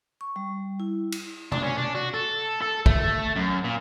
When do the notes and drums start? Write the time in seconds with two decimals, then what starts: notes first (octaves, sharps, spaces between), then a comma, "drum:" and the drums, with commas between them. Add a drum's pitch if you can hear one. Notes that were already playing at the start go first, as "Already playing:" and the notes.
0.21 C#6
0.36 G3
0.80 E4
1.12 drum: cymbal
1.52 D4, drum: tom B2
1.63 C#4
1.78 D4
1.95 F#4
2.14 A4
2.61 A4
2.86 A3, drum: kick
3.36 F#2
3.64 A#2